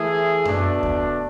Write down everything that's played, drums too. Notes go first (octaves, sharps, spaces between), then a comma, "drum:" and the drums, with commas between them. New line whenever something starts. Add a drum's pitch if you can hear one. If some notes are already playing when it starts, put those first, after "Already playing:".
Already playing: E3 A3 E4 G#4
B2 A3 D4, drum: tom F#2
drum: kick D#2